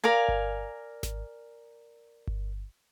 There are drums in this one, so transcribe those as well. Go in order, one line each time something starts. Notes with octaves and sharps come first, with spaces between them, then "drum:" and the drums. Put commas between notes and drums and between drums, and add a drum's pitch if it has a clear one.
A#4 D5 F5 G#5
drum: kick G1
drum: snare G#1
drum: kick G1